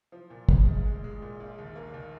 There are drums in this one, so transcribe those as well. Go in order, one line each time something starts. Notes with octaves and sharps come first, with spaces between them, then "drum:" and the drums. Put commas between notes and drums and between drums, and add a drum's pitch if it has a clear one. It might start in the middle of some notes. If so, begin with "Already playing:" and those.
F3
A#2
G#3, drum: kick
A#1
G#3
G#3
A#2
A#1
D#2
A#3
D#2